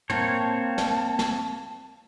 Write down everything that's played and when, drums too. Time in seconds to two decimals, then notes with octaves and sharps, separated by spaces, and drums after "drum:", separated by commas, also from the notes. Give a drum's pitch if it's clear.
0.10 A#3 C4 C#5 A5, drum: tom
0.78 drum: snare
1.19 drum: snare